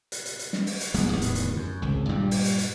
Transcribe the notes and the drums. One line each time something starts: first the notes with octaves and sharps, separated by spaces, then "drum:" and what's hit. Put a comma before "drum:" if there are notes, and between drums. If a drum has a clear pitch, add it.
drum: hi-hat
drum: hi-hat
drum: hi-hat
drum: snare
drum: open hi-hat
drum: hi-hat
A1 F#3 G#3 B3, drum: hi-hat
D1 E2 A2 D#3
drum: hi-hat
drum: hi-hat
F#2
G#1 C#2
G2 A#2 G3
drum: open hi-hat
drum: hi-hat
drum: hi-hat